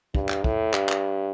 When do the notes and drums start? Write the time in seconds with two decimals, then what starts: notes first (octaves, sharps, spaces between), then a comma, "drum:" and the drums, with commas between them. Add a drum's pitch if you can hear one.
0.15 G2, drum: kick
0.29 drum: clap
0.44 A2, drum: kick
0.74 G2, drum: clap
0.89 drum: clap